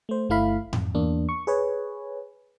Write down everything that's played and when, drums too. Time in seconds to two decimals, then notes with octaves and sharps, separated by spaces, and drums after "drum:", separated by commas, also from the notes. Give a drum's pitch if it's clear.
0.09 A3 C5
0.29 G1 A3 E4 F5 B5
0.73 F2, drum: tom G#2
0.95 E2 A#3 D4
1.29 C#6
1.47 G#4 B4 C#5